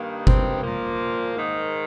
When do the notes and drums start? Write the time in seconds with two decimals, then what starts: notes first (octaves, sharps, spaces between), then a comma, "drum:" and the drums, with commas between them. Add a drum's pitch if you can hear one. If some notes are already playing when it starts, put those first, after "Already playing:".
Already playing: G2 D#3 A#3
0.27 C4, drum: kick G1
0.63 A#2 F3 A#3
1.34 G#2 D#3